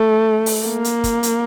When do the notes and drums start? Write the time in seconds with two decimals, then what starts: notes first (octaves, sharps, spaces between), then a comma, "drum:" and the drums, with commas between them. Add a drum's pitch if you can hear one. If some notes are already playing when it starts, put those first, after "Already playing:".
Already playing: A3
0.46 drum: open hi-hat
0.65 A#3
0.84 drum: hi-hat
1.04 drum: kick, hi-hat
1.23 drum: hi-hat